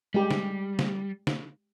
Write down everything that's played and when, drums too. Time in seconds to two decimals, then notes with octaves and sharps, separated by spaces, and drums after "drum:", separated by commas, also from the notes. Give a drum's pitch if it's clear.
0.14 G3 G#3 G4
0.31 drum: snare
0.79 drum: snare
1.27 drum: snare